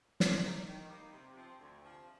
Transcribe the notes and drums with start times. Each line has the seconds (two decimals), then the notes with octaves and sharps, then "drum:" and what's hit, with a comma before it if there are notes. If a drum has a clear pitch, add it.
0.20 F3, drum: snare
0.43 A#3 D#4 A#4
0.66 D#3
0.90 G3 A#3 D#4
1.13 C3
1.36 F3 C4
1.59 D2
1.82 C3 F3